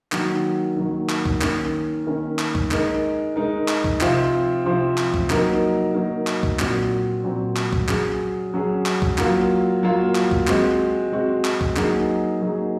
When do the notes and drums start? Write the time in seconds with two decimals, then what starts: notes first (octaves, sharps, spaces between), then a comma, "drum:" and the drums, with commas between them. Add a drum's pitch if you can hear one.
0.12 D#3 F#3 A#3, drum: clap
0.76 D#3 F#3 A#3
1.09 drum: clap
1.26 drum: kick
1.41 D#3 A#3 C#4, drum: clap
2.07 D#3 A#3 C#4
2.39 drum: clap
2.55 drum: kick
2.71 G#3 D#4 A#4, drum: clap
3.36 G#3 D#4 A#4
3.68 drum: clap
3.84 drum: kick
4.01 C3 F3 C4 F4, drum: clap
4.65 C3 F3 C4 F4
4.98 drum: clap
5.14 drum: kick
5.30 F#3 A#3 D#4 A#4, drum: clap
5.94 F#3 A#3 D#4 A#4
6.27 drum: clap
6.43 drum: kick
6.59 A#2 F#3 C4 F#4, drum: clap
7.24 A#2 F#3 C4 F#4
7.56 drum: clap
7.73 drum: kick
7.88 F#3 C#4 G#4, drum: clap
8.54 F#3 C#4 G#4
8.86 drum: clap
9.02 drum: kick
9.18 F#3 A#3 F4, drum: clap
9.83 F#3 A#3 F4
10.15 drum: clap
10.31 drum: kick
10.47 G#3 C4 F#4, drum: clap
11.12 G#3 C4 F#4
11.45 drum: clap
11.61 drum: kick
11.76 F#3 A#3 D#4 G#4, drum: clap
12.41 F#3 A#3 D#4 G#4